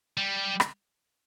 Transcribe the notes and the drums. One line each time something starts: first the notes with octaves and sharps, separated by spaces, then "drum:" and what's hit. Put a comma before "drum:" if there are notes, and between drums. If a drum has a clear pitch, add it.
G3
drum: rim click